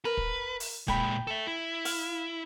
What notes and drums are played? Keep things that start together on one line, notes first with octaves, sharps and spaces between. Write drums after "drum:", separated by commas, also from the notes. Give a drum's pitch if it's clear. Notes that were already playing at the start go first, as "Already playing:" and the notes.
A#4 B4
drum: kick
drum: open hi-hat
A#2 G#3 G5 B5, drum: kick
A4 E5
E4
F5, drum: open hi-hat